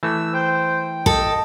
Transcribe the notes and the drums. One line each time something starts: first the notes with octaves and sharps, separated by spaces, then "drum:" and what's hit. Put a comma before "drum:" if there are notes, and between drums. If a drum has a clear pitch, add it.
E3 A3 E6
C5 G5
A4 D#5, drum: kick